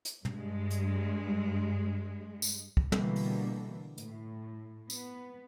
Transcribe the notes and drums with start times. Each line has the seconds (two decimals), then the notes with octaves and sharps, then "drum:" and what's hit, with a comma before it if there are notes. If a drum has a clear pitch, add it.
0.05 drum: hi-hat
0.25 G2 G#3, drum: tom
0.70 drum: hi-hat
2.42 drum: tambourine
2.77 drum: kick
2.92 B2 D3 E3 G3 A#3, drum: tom
3.16 drum: open hi-hat
3.98 A2, drum: hi-hat
4.90 B3, drum: tambourine